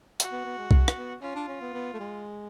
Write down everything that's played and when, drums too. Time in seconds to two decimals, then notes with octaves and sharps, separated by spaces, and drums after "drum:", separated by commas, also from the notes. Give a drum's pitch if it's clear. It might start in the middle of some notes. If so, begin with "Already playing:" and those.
0.20 F#4, drum: hi-hat
0.32 B3
0.45 B3
0.58 G#3
0.71 G#3, drum: kick C2
0.88 drum: rim click
0.97 B3
1.22 C#4 F4
1.35 D4
1.48 C#4
1.61 B3
1.74 B3
1.94 A3
2.00 G#3